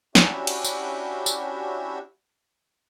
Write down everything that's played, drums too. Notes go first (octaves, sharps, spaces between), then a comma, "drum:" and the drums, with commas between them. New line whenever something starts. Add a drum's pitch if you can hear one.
C#4 D4 E4 F#4 G4 E5, drum: snare
drum: cymbal
drum: tambourine
drum: tambourine